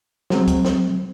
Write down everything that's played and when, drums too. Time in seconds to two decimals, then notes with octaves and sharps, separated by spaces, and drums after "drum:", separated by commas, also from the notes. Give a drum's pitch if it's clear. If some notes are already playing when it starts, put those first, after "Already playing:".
0.30 F#3 G#3 C4, drum: snare
0.47 drum: kick, hi-hat
0.65 drum: snare